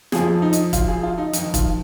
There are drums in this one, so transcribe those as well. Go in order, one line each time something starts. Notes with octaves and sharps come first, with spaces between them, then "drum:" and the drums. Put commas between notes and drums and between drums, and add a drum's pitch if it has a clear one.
F2 F3 G#4, drum: snare
D#4
drum: hi-hat
F4, drum: kick E1, hi-hat
G#4
F4
D#4
F2 D#3 D#4, drum: hi-hat
F4, drum: kick E1, hi-hat